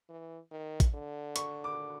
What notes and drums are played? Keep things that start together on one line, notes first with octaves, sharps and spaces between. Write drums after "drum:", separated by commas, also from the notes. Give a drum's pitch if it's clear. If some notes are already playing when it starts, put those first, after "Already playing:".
E3
D#3
drum: kick A1, hi-hat
D3
C#6, drum: hi-hat
D6